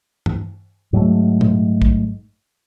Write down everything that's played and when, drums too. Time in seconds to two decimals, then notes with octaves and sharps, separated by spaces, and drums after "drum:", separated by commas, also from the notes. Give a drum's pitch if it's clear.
0.26 drum: tom G2
0.93 G#2 F#3 G#3 A3
1.41 drum: tom A#2
1.82 drum: kick